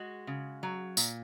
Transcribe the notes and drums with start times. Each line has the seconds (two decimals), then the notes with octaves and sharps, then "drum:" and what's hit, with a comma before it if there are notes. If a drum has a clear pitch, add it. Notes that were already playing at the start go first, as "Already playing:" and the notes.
Already playing: G#3 F#4
0.27 C#3
0.63 F#3
0.97 A#2, drum: tambourine